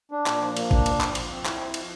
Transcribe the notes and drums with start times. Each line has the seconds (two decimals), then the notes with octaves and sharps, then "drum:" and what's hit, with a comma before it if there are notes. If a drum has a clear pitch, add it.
0.11 D4
0.26 A#2, drum: clap
0.41 F3
0.57 A#3, drum: cymbal
0.71 D4, drum: kick G#1
0.86 A#2, drum: cymbal
1.01 F3, drum: clap
1.15 F3, drum: cymbal
1.31 C4
1.45 E4, drum: clap
1.60 F3
1.74 F3, drum: cymbal